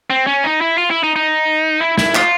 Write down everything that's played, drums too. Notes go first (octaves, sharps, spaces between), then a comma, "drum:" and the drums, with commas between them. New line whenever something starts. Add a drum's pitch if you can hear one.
C4
C#4
D#4
E4
F4
E4
D#4
D#4
E4
E4, drum: snare
F4, drum: clap